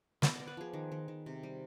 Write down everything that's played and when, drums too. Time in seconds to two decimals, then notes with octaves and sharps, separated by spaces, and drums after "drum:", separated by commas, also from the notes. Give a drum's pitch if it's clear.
0.22 B3 D#5, drum: snare
0.36 B3 D5
0.47 B4
0.57 F3 G#4
0.73 D#3
0.92 D#3
1.08 D#3
1.26 C3
1.43 G3